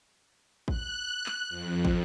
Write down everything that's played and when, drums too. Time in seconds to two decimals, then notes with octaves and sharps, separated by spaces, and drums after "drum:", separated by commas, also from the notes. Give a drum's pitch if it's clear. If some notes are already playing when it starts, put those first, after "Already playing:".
0.68 F#6, drum: kick
1.26 drum: clap
1.49 F2
1.85 drum: kick